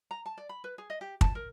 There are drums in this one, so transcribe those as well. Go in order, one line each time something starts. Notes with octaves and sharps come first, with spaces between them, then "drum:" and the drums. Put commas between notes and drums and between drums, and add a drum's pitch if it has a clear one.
A#5
A5
D5
B5
B4
G#4
D#5
G4
A5, drum: kick
A#4